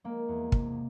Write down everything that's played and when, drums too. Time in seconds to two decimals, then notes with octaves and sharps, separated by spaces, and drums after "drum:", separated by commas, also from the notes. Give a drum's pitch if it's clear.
0.04 G#3 A#3
0.29 E2
0.52 C3, drum: kick